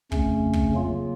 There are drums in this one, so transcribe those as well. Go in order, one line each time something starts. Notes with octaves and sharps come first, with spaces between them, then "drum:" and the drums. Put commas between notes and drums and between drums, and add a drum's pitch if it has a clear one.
F2 C#3 A3 C#4, drum: kick
drum: kick
C#3 F#3 A#3 F4